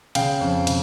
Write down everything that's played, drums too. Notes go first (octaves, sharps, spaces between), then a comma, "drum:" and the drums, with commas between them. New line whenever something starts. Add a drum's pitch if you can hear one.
C#3 F5 G5, drum: cymbal
F2
C#3, drum: cymbal